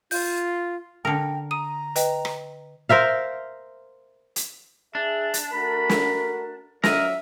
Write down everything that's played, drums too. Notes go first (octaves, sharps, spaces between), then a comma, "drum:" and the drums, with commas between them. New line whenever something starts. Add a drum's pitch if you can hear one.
F4 G6, drum: open hi-hat
D3 A#4 G5
A#5 D#6 D#7
B4 D#5 G5, drum: hi-hat
drum: rim click
A#4 C5 E5 F5
drum: hi-hat
D4 G#4 E5
drum: hi-hat
A3 F#4 A#4 B5
drum: snare
F3 F#3 A#4 D#5 E5, drum: snare